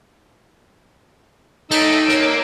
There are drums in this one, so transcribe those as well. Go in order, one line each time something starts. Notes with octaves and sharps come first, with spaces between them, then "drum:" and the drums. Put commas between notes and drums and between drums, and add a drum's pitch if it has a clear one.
A3 D#4 E6 D7, drum: cymbal
A#3 C#5, drum: hi-hat